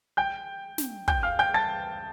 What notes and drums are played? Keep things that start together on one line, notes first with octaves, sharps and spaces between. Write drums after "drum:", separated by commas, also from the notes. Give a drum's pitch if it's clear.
G5 G6
drum: snare
G5 G6, drum: kick
F5 F6
G5 G6
A5 A6